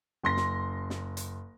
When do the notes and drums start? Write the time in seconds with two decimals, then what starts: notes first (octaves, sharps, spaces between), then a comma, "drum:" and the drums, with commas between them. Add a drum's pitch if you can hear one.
0.23 F#1 C6 A#6
0.37 drum: snare
0.90 drum: snare
1.17 drum: hi-hat